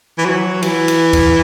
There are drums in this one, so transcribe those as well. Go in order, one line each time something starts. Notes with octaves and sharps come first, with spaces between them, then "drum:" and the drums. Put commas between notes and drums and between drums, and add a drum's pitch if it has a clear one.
E3
F#3
E3, drum: cymbal
drum: cymbal
drum: kick D2, cymbal